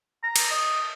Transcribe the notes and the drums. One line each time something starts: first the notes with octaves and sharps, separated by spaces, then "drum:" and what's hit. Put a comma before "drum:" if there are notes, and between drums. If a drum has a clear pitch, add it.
A#5
drum: cymbal
D#5